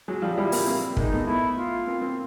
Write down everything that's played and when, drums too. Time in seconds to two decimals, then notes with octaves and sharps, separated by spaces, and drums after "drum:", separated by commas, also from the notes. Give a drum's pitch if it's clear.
0.08 F#3 G#3
0.22 F3 G3
0.37 F3 G3 E4
0.52 G#3 A#3, drum: open hi-hat
0.67 A#3 C4
0.97 G#3 A#3 D#4, drum: kick
1.12 A3 B3
1.27 A3 B3 E4
1.57 F4
1.87 A#3 C4
2.01 A#3 C4